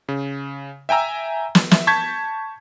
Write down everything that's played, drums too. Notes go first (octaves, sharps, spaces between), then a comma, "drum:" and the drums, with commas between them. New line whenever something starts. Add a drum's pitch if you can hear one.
C#3
E5 G5 G#5 A#5 E6
drum: snare
E5, drum: snare
A5 C#6 G6 G#6 B6